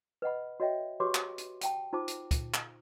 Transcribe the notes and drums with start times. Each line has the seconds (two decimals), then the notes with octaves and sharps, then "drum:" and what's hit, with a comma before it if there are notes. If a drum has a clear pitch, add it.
0.22 B4 D#5 F#5 B5
0.60 F#4 C#5 D#5 E5 G5
1.00 F#4 G4 B4 C#5 C6 D6
1.15 drum: clap
1.38 drum: hi-hat
1.61 F#5 G5 A5, drum: hi-hat
1.93 D#4 F4 C5 A5 D6
2.08 drum: hi-hat
2.31 drum: kick, hi-hat
2.54 drum: clap